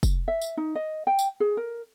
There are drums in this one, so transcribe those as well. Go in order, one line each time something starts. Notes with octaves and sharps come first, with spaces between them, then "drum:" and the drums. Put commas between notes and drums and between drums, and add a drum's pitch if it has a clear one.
drum: kick, tambourine
E5
drum: tambourine
D#4
D#5
G5
drum: tambourine
G#4
A#4